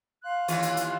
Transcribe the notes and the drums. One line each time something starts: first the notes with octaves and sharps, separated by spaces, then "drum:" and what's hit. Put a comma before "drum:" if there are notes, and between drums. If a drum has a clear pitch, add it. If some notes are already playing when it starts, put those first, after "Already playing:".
F5 C6 F#6
D#2 E3 F4, drum: hi-hat
drum: hi-hat
drum: hi-hat